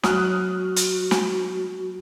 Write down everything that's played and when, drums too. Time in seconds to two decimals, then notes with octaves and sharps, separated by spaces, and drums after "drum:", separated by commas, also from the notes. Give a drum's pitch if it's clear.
0.04 F#3 F#4 D#6 F6 F#6, drum: snare
0.77 drum: hi-hat
1.11 drum: snare